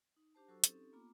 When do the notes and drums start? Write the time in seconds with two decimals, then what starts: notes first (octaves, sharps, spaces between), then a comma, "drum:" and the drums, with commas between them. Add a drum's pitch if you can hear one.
0.16 D#4
0.35 D4 G4 C5 A5
0.48 F#3 F#4 A4 C5 C#6 E6
0.64 C4 C#4 D#4 G4 A4, drum: hi-hat
0.93 A#3 B3 F4 A#5 D6